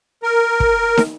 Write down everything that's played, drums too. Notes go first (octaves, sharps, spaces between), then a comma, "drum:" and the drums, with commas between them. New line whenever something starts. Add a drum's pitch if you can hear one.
A#4
drum: kick
drum: snare